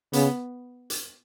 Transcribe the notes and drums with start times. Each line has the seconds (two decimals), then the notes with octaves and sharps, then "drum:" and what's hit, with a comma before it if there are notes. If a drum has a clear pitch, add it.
0.13 C#3 B3, drum: hi-hat
0.90 drum: hi-hat